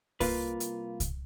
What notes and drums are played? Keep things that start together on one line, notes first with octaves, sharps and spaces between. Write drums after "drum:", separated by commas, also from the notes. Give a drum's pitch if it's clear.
C2 A#3 F4 B4, drum: kick C2, open hi-hat
drum: hi-hat
drum: kick C2, hi-hat